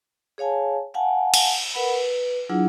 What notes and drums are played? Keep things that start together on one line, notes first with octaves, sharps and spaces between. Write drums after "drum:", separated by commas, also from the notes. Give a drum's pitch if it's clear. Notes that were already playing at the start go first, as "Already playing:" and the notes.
G#4 C#5 F5 G#5 A5
F5 F#5 G#5 A5
drum: cymbal
A#4 B4 F#5 B5
B4
F#3 D4 E4 F4 G#4 F#5